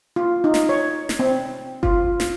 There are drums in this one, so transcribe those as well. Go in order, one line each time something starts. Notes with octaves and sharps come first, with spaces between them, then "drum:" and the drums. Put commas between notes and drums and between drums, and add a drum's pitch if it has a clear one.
F4
D#4
drum: snare
C#5
drum: snare
C4
F4, drum: kick F#1
drum: snare